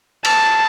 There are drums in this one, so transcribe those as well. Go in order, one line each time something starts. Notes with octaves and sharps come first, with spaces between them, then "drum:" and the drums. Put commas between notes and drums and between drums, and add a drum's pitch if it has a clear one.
A5, drum: cymbal